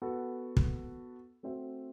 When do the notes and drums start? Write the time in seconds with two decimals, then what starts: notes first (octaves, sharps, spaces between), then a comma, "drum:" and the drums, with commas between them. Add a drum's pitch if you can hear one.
0.02 B3 F#4 A4
0.57 drum: kick
1.43 A3 C4 F#4 C5 E5